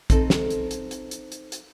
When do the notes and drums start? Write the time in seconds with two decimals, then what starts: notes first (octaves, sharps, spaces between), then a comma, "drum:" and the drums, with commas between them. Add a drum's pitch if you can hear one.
0.10 C4 D#4 A4, drum: kick, hi-hat
0.30 drum: snare
0.50 drum: hi-hat
0.71 drum: hi-hat
0.91 drum: hi-hat
1.11 drum: hi-hat
1.32 drum: hi-hat
1.52 drum: hi-hat